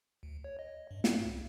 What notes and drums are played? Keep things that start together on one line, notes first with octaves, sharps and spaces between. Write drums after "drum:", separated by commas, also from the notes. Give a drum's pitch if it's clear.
D2
C#5
D#5
G2
G#2, drum: snare
C2